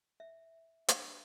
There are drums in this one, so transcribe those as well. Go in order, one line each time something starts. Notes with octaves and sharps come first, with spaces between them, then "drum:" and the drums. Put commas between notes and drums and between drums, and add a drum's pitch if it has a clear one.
E5
D4, drum: hi-hat